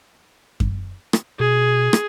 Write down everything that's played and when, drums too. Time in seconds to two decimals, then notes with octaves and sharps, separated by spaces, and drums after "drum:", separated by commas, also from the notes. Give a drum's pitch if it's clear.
0.60 drum: kick F#2
1.13 drum: rim click
1.40 B2 G#4
1.93 drum: rim click